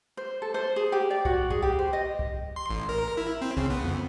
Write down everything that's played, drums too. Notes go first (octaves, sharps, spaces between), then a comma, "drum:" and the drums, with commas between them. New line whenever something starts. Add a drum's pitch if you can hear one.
C5
A4
C5
G#4
G4
D5
F#4, drum: kick
G#4, drum: kick
G4
C5
D#5
drum: kick
C6
A1
A#4
E4
C4
C#3, drum: kick
B3
F2